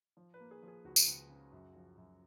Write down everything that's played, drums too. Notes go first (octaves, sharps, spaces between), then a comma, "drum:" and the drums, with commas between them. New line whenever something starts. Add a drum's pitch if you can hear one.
F3
B4
A#3
G#4
F3
G#4
C#2 F#4
drum: tambourine
C#2
C#3
F#2
F3
F#2